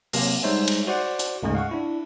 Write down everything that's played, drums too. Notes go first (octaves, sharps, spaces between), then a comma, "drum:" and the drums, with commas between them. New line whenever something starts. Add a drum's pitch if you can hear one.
C3 F#3 A#3 C4, drum: open hi-hat
G3 G#3 D#4 C5 C#5 E5
drum: cymbal
F#4 C5 D5 F#5
drum: hi-hat
D2 G#2 C#3 G#3 A3
F5 F#5 C#6
D4 E4